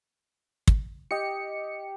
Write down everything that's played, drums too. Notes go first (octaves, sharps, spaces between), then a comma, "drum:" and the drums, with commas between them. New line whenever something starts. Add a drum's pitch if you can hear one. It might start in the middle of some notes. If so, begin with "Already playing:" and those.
drum: kick
G4 D#5 C#7